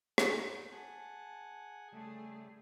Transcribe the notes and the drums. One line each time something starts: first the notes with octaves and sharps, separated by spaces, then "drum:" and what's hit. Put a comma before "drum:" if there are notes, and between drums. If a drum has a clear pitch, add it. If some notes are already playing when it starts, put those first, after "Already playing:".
A4 C5, drum: rim click
G#4 F#5 G#5 A5
C#3 G3 A3 G#4 A5